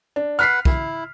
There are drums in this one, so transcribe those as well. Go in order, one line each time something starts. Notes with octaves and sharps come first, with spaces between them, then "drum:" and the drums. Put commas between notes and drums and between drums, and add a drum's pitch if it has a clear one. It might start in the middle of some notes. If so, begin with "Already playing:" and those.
D4
B4 F#5 F6 B6 C7
E4, drum: kick